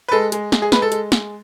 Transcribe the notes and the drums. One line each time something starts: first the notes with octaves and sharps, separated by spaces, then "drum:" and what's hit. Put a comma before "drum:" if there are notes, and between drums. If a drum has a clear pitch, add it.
B4
G#3 A4
G#3, drum: hi-hat
G#3, drum: snare
G#4
G#3 B4, drum: snare
A4
G#3, drum: hi-hat
G#3, drum: snare